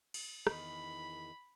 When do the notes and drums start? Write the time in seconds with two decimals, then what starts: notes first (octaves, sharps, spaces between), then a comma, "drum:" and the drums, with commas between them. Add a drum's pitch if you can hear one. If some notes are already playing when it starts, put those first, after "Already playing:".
0.14 drum: cymbal
0.47 E2 D#3 B5, drum: rim click